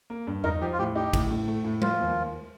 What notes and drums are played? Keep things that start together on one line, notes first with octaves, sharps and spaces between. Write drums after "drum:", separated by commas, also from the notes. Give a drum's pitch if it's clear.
A#3
G2
D#4 A#4, drum: tom E2
F3 G4
F4
A2 G4
D#4 G4
A2, drum: kick, cymbal
A2
A3
A2
F3 F4, drum: tom G3
D#2
D#2